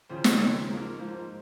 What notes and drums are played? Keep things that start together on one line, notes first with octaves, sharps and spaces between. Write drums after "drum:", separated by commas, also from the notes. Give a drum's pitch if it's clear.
D#2 C#3 F3 C5
C5, drum: snare
D#2 C#3 F3 C#5
C5
G#2 F3 A#3 A#4
G#2 F3 A#3 C5
C5